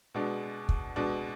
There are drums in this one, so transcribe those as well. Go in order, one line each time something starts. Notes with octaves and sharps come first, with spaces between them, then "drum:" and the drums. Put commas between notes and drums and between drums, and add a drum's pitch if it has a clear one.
B2 G#3 D4
drum: kick
B2 G#3 D4